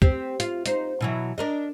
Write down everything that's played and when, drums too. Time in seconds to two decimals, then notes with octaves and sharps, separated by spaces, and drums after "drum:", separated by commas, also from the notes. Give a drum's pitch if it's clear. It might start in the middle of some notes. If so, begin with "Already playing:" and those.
0.02 C4 G4, drum: kick
0.40 F4, drum: hi-hat
0.66 D#4 C5, drum: hi-hat
1.01 B2 E3 F#3
1.38 D4 A#4 D#5